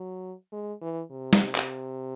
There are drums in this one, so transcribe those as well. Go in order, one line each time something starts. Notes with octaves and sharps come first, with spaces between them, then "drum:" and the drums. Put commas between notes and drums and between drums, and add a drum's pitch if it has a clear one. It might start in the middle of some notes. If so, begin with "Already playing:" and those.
Already playing: F#3
G#3
E3
C3
drum: snare
drum: clap